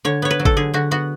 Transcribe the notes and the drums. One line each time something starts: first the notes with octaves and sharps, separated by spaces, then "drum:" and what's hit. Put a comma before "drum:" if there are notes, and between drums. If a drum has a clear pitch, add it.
D3 C#5
B3 C#5
B4
F#3
A4, drum: kick G#1
D3 G#4
D3 F#4
B3 F#4